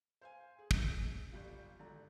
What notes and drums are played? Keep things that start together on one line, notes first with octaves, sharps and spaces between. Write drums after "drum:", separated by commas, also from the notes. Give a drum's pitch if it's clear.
C5 F5 G#5
G#4
drum: kick
G#4
G1 G3 F4
G#1 D3 A#5